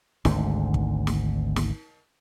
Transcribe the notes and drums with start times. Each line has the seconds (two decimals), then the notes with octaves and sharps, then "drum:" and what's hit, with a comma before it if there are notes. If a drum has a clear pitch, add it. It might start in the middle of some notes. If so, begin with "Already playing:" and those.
0.25 G#1 D2 G#2 D3, drum: snare
0.74 drum: kick
1.07 drum: snare
1.56 drum: snare